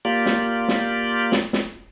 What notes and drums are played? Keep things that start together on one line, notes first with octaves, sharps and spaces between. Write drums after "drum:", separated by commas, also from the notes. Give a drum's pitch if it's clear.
A#3 F4 G4 D5
drum: snare
drum: snare
drum: snare
drum: snare